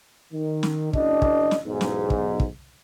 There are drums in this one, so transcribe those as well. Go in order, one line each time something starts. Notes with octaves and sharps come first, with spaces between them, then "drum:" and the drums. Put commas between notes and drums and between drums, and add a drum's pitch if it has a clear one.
D#3
drum: snare
F#1 D4 D#5, drum: kick
drum: kick
drum: snare
B1 E2 G#2
drum: snare
drum: kick
drum: kick